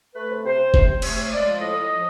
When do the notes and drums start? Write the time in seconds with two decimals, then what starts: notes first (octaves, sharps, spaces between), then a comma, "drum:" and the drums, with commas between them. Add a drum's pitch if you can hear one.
0.15 A3 B4
0.30 C3
0.44 C3 C5
0.59 C3
0.74 C3, drum: kick
0.88 C3
1.02 A3 C#5, drum: cymbal
1.17 C3
1.31 G#3 D5
1.46 F3
1.60 A2 D#5
1.75 A2
1.89 F3